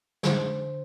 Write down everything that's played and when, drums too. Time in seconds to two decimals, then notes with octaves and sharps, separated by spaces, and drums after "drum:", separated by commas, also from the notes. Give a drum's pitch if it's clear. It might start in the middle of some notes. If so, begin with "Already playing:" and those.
0.23 D3 C5, drum: snare